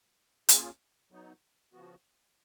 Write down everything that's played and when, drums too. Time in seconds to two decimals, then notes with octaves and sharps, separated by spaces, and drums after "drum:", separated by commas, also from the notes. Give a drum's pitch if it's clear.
0.49 A#3 C#4 F4 G#4, drum: hi-hat
1.12 F#3 B3 D#4
1.73 C#3 F3 B3 F#4